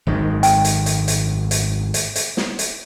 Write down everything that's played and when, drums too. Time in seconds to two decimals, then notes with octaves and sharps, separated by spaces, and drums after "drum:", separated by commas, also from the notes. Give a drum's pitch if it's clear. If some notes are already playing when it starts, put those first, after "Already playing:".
0.07 G#1 F#2 D#3
0.43 G5, drum: hi-hat
0.65 drum: hi-hat
0.86 drum: hi-hat
1.08 drum: hi-hat
1.51 drum: hi-hat
1.94 drum: hi-hat
2.16 drum: hi-hat
2.37 drum: snare
2.59 drum: hi-hat